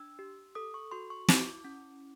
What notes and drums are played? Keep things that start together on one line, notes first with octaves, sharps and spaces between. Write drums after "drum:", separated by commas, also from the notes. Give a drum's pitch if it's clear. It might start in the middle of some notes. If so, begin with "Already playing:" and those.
Already playing: D4 E6
G4
A4 D#6
C#6
F#4 C6
C#6
E4 D6, drum: snare
C#4